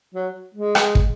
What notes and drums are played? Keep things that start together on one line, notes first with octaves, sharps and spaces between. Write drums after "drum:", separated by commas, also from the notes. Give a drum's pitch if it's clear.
F#3
G#3
drum: rim click
drum: kick